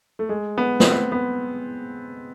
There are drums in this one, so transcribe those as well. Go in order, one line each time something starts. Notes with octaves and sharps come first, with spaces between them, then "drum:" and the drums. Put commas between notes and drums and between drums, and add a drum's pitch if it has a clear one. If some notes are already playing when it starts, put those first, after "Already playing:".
A3
G#3
B3
C4, drum: snare
B3
B3